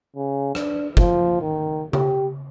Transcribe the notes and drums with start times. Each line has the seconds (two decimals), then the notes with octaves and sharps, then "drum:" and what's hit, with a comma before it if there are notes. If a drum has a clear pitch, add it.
0.16 C#3
0.55 D4, drum: rim click
0.97 F3, drum: kick
1.41 D#3
1.93 G4, drum: tom C#3